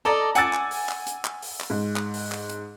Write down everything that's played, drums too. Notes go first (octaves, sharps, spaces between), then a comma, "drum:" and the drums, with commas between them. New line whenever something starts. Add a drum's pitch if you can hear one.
A4 D5 D#5 A#5
F#5 G#5 D6 E6 A6, drum: hi-hat
drum: clap
drum: open hi-hat
drum: clap
drum: hi-hat
drum: clap
drum: open hi-hat
drum: clap
G#2
drum: clap
drum: open hi-hat
drum: clap
drum: hi-hat